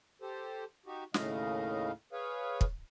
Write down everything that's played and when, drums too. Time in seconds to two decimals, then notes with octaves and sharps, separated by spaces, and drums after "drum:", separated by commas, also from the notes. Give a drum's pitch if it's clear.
0.22 G4 A4 C5
0.86 D#4 F#4 G4
1.14 D#2 A2 C#3 A3 D#5 F5, drum: snare
2.13 G#4 B4 C#5 F5
2.61 drum: kick